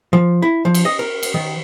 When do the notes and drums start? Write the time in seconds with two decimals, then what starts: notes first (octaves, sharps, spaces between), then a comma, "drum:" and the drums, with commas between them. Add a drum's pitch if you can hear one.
0.13 F3
0.42 E4
0.65 F3
0.74 drum: cymbal
0.85 D#5
0.99 A#4
1.23 drum: cymbal
1.34 D#3